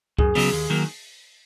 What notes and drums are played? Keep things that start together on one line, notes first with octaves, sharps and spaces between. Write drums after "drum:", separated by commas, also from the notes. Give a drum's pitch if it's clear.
F#2 G#4, drum: kick C#2
C#3 F#3 B3, drum: open hi-hat
D#2
D#3 F#3 A#3